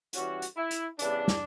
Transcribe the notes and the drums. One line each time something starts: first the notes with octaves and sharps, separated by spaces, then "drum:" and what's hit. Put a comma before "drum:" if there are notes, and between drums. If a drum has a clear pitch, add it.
E3 G3 C#4 F#4, drum: hi-hat
drum: hi-hat
E4
drum: hi-hat
C#3 E3 G3 B3 D4, drum: hi-hat
drum: snare